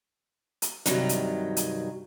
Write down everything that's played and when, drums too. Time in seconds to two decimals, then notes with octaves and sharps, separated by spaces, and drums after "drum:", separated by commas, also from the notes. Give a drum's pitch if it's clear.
0.62 drum: hi-hat
0.86 G2 C3 D#3 F#3, drum: hi-hat
1.09 drum: hi-hat
1.57 drum: hi-hat